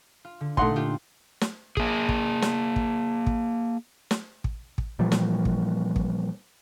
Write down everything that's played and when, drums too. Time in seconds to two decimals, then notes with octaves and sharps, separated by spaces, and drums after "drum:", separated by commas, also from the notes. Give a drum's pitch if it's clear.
0.25 F4
0.41 D3
0.57 A#2 A3 D#4 F#5 C6, drum: kick
0.76 D4 F4 G4
1.41 drum: snare
1.77 A#3 G#4, drum: kick
2.09 drum: kick
2.42 drum: snare
2.76 drum: kick
3.27 drum: kick
4.11 drum: snare
4.44 drum: kick
4.78 drum: kick
4.99 A#2 E3 F3 G3
5.12 drum: snare
5.45 drum: kick
5.96 drum: kick